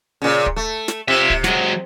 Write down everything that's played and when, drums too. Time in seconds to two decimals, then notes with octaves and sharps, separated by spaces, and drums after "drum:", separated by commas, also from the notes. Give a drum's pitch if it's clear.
0.22 A#2 C#3
0.46 drum: kick
0.56 A3
0.88 drum: snare
1.08 C3 F4 E5
1.30 drum: kick
1.44 F#3 G#3, drum: snare